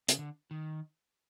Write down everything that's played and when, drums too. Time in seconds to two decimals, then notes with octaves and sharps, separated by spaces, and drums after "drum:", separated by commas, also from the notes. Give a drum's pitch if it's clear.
0.08 C#3, drum: hi-hat
0.19 D3
0.51 D#3